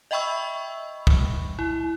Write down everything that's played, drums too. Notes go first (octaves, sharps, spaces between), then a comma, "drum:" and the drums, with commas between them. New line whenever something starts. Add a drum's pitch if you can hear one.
D#5 E5 G5 B5 C#6 E6
drum: kick
E4